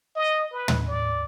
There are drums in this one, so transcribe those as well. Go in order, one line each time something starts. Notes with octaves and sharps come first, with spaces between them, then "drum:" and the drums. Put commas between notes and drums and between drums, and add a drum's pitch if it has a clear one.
D#5
B4
drum: tom
D5